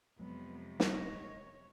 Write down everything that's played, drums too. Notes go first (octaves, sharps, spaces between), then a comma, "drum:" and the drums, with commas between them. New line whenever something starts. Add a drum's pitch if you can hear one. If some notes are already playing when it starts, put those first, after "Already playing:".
F2 C3 F#3 G#3 B3
C#5 D#5, drum: snare